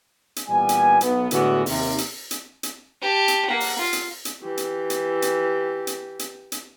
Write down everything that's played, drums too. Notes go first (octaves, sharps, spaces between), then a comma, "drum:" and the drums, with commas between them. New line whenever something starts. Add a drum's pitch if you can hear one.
drum: hi-hat
A#2 E3 G3 B3 G#5
drum: hi-hat
B1 B3, drum: hi-hat
A2 D3 E3 G#3 B3 F#4, drum: hi-hat
D#2 C3, drum: open hi-hat
drum: hi-hat
drum: hi-hat
drum: hi-hat
G4 A5
drum: hi-hat
A#3 F#5
drum: open hi-hat
F4
drum: hi-hat
drum: hi-hat
E3 G4
drum: hi-hat
drum: hi-hat
drum: hi-hat
drum: hi-hat
drum: hi-hat
drum: hi-hat